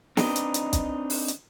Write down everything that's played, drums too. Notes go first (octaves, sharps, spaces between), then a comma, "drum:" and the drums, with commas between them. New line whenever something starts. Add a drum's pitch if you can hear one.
C4 D4 D#4 B4 D#5, drum: snare
drum: hi-hat
drum: hi-hat
drum: kick, hi-hat
drum: open hi-hat
drum: hi-hat